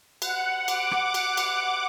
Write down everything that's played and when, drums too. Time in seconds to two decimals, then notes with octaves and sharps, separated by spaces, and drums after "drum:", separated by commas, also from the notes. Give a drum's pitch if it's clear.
0.22 F#5, drum: cymbal
0.68 D6, drum: cymbal
0.91 drum: rim click
1.14 drum: cymbal
1.37 drum: cymbal